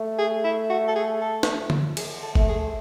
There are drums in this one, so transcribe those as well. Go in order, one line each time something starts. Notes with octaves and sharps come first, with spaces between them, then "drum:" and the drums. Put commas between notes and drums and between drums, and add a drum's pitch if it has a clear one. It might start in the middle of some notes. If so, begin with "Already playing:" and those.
Already playing: A3
G#4
E4
F#4
A4
G#4
A4
drum: snare
drum: tom
G#4, drum: cymbal
A4
A3, drum: kick G1
G#4